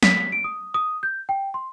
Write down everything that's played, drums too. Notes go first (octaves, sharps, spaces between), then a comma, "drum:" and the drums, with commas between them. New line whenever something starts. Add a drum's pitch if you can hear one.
B6, drum: snare
D7
D#6
D#6
G6
G5
C6